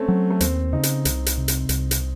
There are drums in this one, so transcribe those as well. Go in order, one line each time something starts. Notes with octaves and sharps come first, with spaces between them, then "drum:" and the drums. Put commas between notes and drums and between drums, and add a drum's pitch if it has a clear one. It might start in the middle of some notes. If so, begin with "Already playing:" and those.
Already playing: A3 C4 C#4
F#3
A3
D#2 C4, drum: hi-hat
C#3 D#4
drum: hi-hat
C2, drum: hi-hat
drum: hi-hat
C3
drum: hi-hat
C2, drum: hi-hat
drum: hi-hat